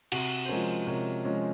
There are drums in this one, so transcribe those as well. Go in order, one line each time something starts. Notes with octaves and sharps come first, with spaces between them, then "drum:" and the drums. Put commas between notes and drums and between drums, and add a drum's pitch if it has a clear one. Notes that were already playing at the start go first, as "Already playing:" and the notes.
C3 F#4, drum: cymbal
C5
F3 G#3 C#4 A#4 C#5
C3 A#4 C#5
F3 G#3 C#4